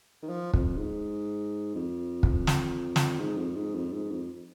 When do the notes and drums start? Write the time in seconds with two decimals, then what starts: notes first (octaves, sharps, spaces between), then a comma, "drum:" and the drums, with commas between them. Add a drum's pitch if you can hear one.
0.23 D#3
0.29 F3
0.54 F2, drum: kick
0.78 G#2
1.75 F2
2.23 drum: kick
2.47 drum: snare
2.96 drum: snare
3.20 G#2
3.37 F2
3.56 G#2
3.75 F2
3.93 G#2
4.11 F2